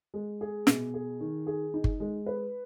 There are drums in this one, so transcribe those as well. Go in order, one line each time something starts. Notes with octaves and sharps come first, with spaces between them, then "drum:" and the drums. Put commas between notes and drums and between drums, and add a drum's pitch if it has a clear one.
G#3
G#4
B2, drum: snare
G#4
D#3
G#4
D#4
drum: kick G1
G#3
B4